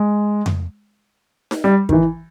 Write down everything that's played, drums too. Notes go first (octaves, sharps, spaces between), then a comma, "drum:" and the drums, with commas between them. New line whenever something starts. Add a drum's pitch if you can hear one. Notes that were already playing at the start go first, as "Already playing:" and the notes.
Already playing: G#3
drum: tom F2
drum: snare D#4
G3
D#3, drum: kick
E3